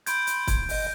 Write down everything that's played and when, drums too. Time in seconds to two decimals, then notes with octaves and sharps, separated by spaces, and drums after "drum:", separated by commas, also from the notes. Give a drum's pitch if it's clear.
0.06 B5 C6 G6 G#6 D7, drum: hi-hat
0.27 drum: hi-hat
0.47 drum: kick, hi-hat
0.69 G1 D#5, drum: open hi-hat